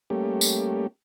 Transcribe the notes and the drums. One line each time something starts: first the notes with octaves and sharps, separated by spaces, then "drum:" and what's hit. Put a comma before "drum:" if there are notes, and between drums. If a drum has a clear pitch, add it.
G3 A3 A#3 C#4 G4
drum: tambourine